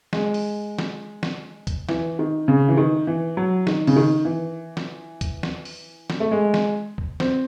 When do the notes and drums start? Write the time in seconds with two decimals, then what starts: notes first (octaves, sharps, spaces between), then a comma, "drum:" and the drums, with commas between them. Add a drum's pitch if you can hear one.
0.13 G#3, drum: snare
0.34 drum: open hi-hat
0.79 drum: snare
1.23 drum: snare
1.67 drum: kick, hi-hat
1.89 E3, drum: snare
2.19 D#3
2.48 C#3
2.69 E3
2.77 D#3
3.07 E3
3.37 F#3
3.67 D#3, drum: snare
3.87 C#3, drum: open hi-hat
3.96 D#3
4.25 E3
4.77 drum: snare
5.21 drum: kick, hi-hat
5.43 drum: snare
5.65 drum: open hi-hat
6.10 drum: snare
6.20 A3
6.31 G#3
6.54 drum: snare
6.98 drum: kick
7.20 C4, drum: snare